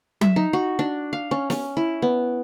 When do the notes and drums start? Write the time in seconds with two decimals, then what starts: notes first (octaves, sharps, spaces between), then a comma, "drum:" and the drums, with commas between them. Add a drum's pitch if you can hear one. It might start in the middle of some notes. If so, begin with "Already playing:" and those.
0.21 E5, drum: tom F#3
0.36 D#4
0.53 F#4
0.79 D4
1.13 F5
1.31 C#4
1.50 C#4, drum: snare
1.77 E4
2.02 B3